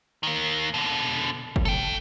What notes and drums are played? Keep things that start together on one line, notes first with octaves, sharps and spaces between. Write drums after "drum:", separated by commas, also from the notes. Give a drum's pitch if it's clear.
D#3 A#3
B2 D3
drum: kick
A4 G5